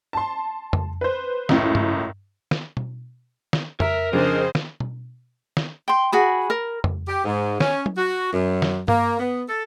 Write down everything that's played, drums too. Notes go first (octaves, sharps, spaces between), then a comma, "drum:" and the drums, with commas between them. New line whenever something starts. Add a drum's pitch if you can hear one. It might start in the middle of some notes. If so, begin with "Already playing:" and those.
A5 C6
drum: tom F2
B4 C5
C#2 F#2 A2, drum: snare
drum: tom G2
drum: snare
drum: tom B2
drum: snare
A#4 E5 A#5, drum: tom F2
F2 C#3 D4 G#4 C5 D#5
drum: snare
drum: tom B2
drum: snare
G5 C6
F#4 G#4 B5
A#4
drum: tom F2
G4
G#2
C#4, drum: snare
drum: tom F#3
F#4
F#2
drum: snare
A#3, drum: tom G2
B3
A4